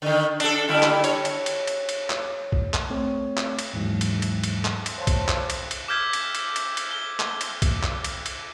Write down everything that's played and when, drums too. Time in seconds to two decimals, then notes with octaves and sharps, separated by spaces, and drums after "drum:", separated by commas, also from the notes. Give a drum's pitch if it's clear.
0.02 D3 D#3
0.40 D4 A4, drum: cymbal
0.68 D3 G3 E4
0.83 drum: clap
1.04 C#5, drum: cymbal
1.25 drum: cymbal
1.46 drum: cymbal
1.67 drum: cymbal
1.89 drum: cymbal
2.10 drum: clap
2.52 drum: kick
2.74 drum: clap
2.90 A3 C4 C#5
3.37 drum: clap
3.59 drum: cymbal
3.73 D#2 G#2 E3 F#3 G#3
4.01 drum: cymbal
4.22 drum: cymbal
4.44 drum: cymbal
4.65 drum: clap
4.86 drum: cymbal
4.98 C5 C#5 F5 A5 C6
5.07 drum: kick, cymbal
5.28 drum: clap
5.50 drum: cymbal
5.71 drum: cymbal
5.88 D6 E6 F6 G6 G#6 B6
6.13 drum: cymbal
6.35 drum: cymbal
6.56 drum: cymbal
6.77 drum: cymbal
6.91 G7
7.20 drum: clap
7.41 drum: cymbal
7.62 drum: kick, cymbal
7.83 drum: clap
8.04 drum: cymbal
8.26 drum: cymbal